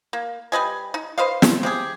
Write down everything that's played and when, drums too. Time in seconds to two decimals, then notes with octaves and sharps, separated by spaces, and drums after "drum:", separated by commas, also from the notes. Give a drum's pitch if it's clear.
0.13 A#3
0.52 G3 B4 D#5 G#5
0.94 D#4
1.18 B4 C5 D#5 F5
1.42 drum: snare
1.63 C3 G4 G#4